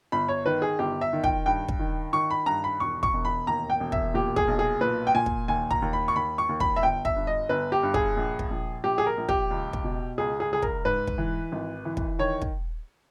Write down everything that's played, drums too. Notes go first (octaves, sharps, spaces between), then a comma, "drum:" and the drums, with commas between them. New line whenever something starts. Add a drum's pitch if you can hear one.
G1 B5
C#5
D#3 B4
G#4
G1 G4
E5
D#3
G5, drum: kick
G2 G5
drum: kick
D#3
D#3 C#6
B5
G2 A#5
B5
E1 C#6
C#6, drum: kick
E1
B5
D#2 A#5
G5
E1
E5, drum: kick
A#2 G4
G#4, drum: kick
B1
G#4
A#2 B4
G5
A#2 G#5
drum: kick
D#2 G#5
A#5, drum: kick
D#2
B5
C#6
D#2 B5
C#6
D#2
B5, drum: kick
E5
G1 G5
E5, drum: kick
G2
D#5
G1 B4
G4
G2
G#4, drum: kick
A#1
drum: kick
A#1
A#1 G4
G#4
A#4
A#1
G4, drum: kick
C#2
drum: kick
B2
C#2 G#4
G#4
C#2 G#4
A#4, drum: kick
G#2 B4
drum: kick
E3
G#1
E3
drum: kick
D#3 C#5
drum: kick